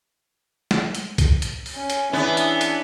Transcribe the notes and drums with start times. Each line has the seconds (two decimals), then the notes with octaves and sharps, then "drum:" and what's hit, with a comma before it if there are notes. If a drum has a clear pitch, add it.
0.71 drum: snare
0.95 drum: hi-hat
1.18 drum: kick B1, hi-hat
1.42 drum: hi-hat
1.66 drum: open hi-hat
1.76 C#4
1.90 drum: hi-hat
2.13 E3 B3 C#4 D4 G#4
2.37 drum: hi-hat
2.61 drum: hi-hat